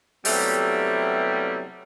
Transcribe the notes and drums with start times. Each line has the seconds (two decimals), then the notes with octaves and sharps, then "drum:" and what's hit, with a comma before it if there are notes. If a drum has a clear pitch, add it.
0.25 C3 F#3 G3 A3 B3 E4, drum: open hi-hat